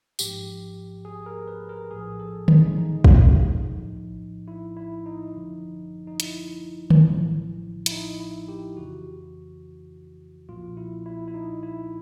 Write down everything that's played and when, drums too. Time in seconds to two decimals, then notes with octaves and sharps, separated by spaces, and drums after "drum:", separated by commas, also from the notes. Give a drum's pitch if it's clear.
0.19 G#1 G#2 F3 G4, drum: tambourine
1.05 G#4
1.26 A#4
1.48 B4
1.69 A#4
1.91 A#1 A2 F3 G#4
2.20 A4
2.48 D#4, drum: tom D3
2.77 D#4
3.04 drum: kick
3.62 A#1 A2 F3
4.48 E4
4.77 E4
5.06 D#4
5.34 G#1 F#2 D3 F3
6.07 D#4
6.20 E4, drum: hi-hat
6.90 drum: tom D3
7.05 A1 A2 F3
7.86 E4, drum: hi-hat
7.91 D#4
8.20 E4
8.48 G4
8.77 F2 C#3 E3 F#4
10.48 B1 A#2 F3 F4
10.77 E4
11.06 E4
11.28 E4
11.34 D#4
11.63 E4